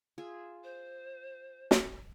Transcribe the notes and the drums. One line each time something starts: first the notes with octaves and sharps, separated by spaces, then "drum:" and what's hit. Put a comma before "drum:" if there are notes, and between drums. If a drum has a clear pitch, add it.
F4 G#4 E5
C5
drum: snare